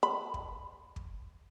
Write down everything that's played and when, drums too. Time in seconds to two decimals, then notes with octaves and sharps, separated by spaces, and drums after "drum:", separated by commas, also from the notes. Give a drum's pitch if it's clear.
0.03 B5
0.34 drum: kick
0.96 drum: kick